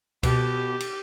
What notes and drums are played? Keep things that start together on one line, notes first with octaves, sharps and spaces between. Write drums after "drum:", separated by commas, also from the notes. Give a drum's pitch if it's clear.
B2 G4, drum: kick C#2, cymbal
drum: cymbal